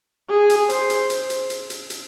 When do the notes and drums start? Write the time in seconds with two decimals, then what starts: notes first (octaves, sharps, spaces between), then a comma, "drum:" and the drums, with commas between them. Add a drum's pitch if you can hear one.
0.30 G#4
0.50 drum: hi-hat
0.69 C5, drum: hi-hat
0.90 drum: hi-hat
1.10 drum: hi-hat
1.30 drum: hi-hat
1.50 drum: hi-hat
1.70 drum: hi-hat
1.90 drum: hi-hat